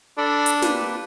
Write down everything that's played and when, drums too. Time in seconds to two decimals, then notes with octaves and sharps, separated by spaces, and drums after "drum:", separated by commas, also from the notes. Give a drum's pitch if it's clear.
0.18 D4 A4 D5 B5
0.46 drum: hi-hat
0.62 A#3 G4 B4, drum: snare